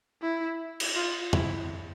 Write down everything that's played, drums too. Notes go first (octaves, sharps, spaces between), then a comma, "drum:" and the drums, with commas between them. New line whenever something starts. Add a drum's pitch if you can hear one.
E4
drum: cymbal
F4
E4, drum: tom